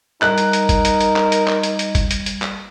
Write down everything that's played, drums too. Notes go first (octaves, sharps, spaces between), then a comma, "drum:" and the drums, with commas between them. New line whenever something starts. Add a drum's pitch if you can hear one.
G3 D#4 A#4 F#6, drum: clap
drum: hi-hat
drum: hi-hat
drum: kick G#1, hi-hat
drum: hi-hat
drum: hi-hat
drum: clap
drum: hi-hat
drum: clap
drum: hi-hat
drum: hi-hat
drum: kick G#1, hi-hat
drum: hi-hat
drum: hi-hat
drum: clap